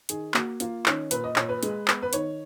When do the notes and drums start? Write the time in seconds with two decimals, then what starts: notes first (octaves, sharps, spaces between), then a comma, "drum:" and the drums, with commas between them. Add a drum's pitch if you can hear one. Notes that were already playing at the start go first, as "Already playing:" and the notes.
0.09 D#3 G#4, drum: hi-hat
0.34 A#3 F#4, drum: clap
0.60 A#3 F4, drum: hi-hat
0.86 D#3 C#4, drum: clap
1.11 A#2 B4, drum: hi-hat
1.24 D#5
1.36 A#2 C#5, drum: clap
1.49 B4
1.63 G#3, drum: hi-hat
1.88 B3, drum: clap
2.02 B4
2.13 D#3 C#5, drum: hi-hat